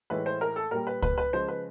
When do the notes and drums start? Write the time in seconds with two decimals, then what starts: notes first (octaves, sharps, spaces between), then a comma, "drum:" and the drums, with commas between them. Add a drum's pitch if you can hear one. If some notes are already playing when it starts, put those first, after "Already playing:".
0.10 A2 E3 G#3 B4
0.26 C5
0.41 A#4
0.56 A4
0.71 A#2 G3 A#4
0.87 B4
1.02 B4, drum: kick C#2
1.18 B4
1.33 C#3 F3 G#3 C5
1.48 B4